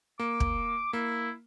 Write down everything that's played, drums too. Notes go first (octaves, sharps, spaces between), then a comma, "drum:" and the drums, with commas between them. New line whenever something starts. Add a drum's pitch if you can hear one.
A#3 D6
drum: kick
A#3 E4